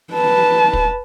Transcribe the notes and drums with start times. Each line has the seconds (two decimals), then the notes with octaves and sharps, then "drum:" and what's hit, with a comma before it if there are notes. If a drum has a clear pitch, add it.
0.14 B4 A5
0.73 drum: kick